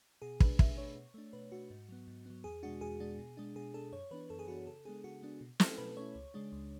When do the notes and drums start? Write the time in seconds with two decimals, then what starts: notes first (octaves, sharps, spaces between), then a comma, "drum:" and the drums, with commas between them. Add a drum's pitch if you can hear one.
0.22 B2 G#4
0.40 A3 D4 B4, drum: kick
0.59 B2 E5, drum: kick
0.78 A3 D4 C#5
0.96 B2
1.14 A3 D4
1.33 B2 B4
1.52 A3 D4 F#4
1.70 G#2
1.89 F#3 B3
2.07 G#2
2.26 F#3 B3
2.44 E2 G#4
2.63 B2 G#3 D4 F#4
2.81 E2 G#4
3.00 B2 G#3 D4
3.19 B2
3.37 G#3 D4
3.56 B2 G#4
3.74 G#3 D4 A4
3.92 F#2 C#5
4.11 E3 B3 D4 B4
4.30 F#2 A4
4.39 G#4
4.48 E3 B3 D4 F#4
4.58 G#4
4.67 C#3 A4
4.85 G#3 B3 D4 G#4
5.04 C#3 F#4
5.22 G#3 B3 D4
5.41 B2
5.60 A3 C#4 E4 A4, drum: snare
5.78 B2 B4
5.97 A3 C#4 E4 C#5
6.15 C#2
6.34 C#3 G#3 D4
6.52 C#2